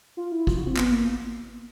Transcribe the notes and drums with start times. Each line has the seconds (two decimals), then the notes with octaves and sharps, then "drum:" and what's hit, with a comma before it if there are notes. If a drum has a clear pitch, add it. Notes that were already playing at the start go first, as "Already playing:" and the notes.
0.17 F4
0.32 E4
0.47 F4, drum: kick
0.57 F#4
0.67 C4
0.76 B3, drum: clap
0.91 A#3